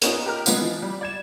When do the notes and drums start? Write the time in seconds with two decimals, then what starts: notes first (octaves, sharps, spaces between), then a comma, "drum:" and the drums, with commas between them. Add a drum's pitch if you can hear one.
0.02 A#3 B3 C#4 D#4 F4, drum: hi-hat
0.26 G4 A#4 A#5 F6
0.46 G#3 B3 C4 F4, drum: tambourine
0.61 E3 F3
0.82 G3
1.01 D5 G#6 E7